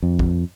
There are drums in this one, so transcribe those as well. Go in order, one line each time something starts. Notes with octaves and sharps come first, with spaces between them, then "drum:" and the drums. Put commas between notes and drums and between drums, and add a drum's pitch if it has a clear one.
F2
drum: kick